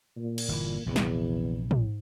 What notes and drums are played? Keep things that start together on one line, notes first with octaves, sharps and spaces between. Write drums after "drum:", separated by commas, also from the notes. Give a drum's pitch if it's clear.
A#2
drum: cymbal
G1 E3
A#1 E2 C3 E3
drum: snare
drum: tom